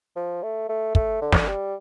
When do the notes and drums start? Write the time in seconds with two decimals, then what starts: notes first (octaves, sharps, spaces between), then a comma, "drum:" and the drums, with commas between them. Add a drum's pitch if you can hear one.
0.16 F3
0.43 A3
0.69 A3
0.95 A3, drum: kick
1.21 D3
1.33 drum: snare
1.47 G3